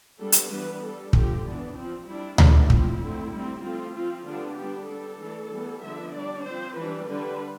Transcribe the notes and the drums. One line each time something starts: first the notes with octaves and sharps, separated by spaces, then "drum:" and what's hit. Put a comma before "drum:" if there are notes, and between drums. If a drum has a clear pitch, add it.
G3 B3 D4 A4
drum: hi-hat
E3 G3 B3 D4 B4
G3 D4 A4
D3 F3 C4 G4, drum: kick
E3 B3 D4
F3 C4
G3 D4 E4
E3 A3 D4 F4, drum: tom D2
F3 C4 E4, drum: kick
D3 A3 C4
G3 C4
F3 A3 C4 F4
F3 C4 F4
D3 G3 B3 D4 F4
G3 B3 D4 G4
G3 D4 A4
E3 A3 D4
E3 G3 B3
D3 F3 B3 D4 E5
G3 D4 D5
F3 C4 C5
E3 G3 D4 B4
D3 G3 D4 B4